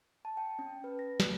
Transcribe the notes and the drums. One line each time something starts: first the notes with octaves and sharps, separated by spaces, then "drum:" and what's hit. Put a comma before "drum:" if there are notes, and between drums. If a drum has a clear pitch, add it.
A5
G5
C#4
B4
A#6
A3, drum: snare